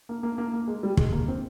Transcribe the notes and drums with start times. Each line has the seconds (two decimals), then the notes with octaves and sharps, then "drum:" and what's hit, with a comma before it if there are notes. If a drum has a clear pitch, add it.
0.09 A#3
0.23 A#3
0.38 A#3
0.53 A#3
0.67 G#3
0.83 G3
0.97 G#3, drum: kick
1.12 A#3
1.28 C4